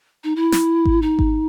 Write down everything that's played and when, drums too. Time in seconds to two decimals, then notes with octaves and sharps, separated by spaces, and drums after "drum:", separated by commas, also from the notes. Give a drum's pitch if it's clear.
0.24 D#4
0.36 E4
0.52 drum: snare
0.85 drum: kick G#1
1.02 D#4
1.19 drum: kick G#1